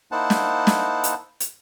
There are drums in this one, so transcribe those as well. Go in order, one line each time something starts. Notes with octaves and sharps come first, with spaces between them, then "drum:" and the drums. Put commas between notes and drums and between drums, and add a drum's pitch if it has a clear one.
A#3 D#4 E4 C5 F#5 A5
drum: snare
drum: snare
drum: hi-hat
drum: hi-hat